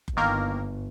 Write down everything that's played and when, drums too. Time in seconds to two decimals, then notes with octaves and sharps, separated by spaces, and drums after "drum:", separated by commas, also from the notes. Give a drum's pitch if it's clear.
0.08 drum: kick F#1
0.17 G1 D#3 A#3 A#4